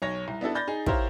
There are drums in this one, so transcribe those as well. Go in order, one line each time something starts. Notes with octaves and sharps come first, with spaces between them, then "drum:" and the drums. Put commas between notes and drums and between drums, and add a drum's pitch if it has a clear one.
B1 C#5 A#6
C2
B3 D4 E4 A4
D5 B5 G6 A6 A#6
D#4 G#4
E4 G4 A#4 C5 C#5 F5, drum: kick